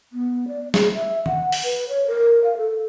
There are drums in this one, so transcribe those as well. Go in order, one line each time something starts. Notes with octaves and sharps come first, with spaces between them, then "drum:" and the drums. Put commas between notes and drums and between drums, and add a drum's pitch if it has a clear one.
B3
D5
G#4, drum: snare
E5
F#5, drum: tom
drum: open hi-hat
B4
C#5
A#4
F5
A4